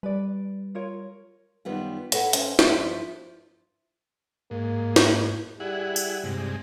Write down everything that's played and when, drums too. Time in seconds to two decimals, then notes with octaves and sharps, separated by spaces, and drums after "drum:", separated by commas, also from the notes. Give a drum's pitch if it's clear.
0.03 G3 B4 D5
0.75 F4 A#4 C#5
1.65 F#2 D#3 G3 B3 F4
2.12 E4 A4 B4 F#5, drum: hi-hat
2.33 C#4 C5, drum: hi-hat
2.59 G2 F3 E4 F4, drum: snare
4.51 G#2 A#3
4.96 drum: snare
5.60 G3 E4 G#4 F#5
5.96 drum: tambourine
6.24 G2 C3 G#3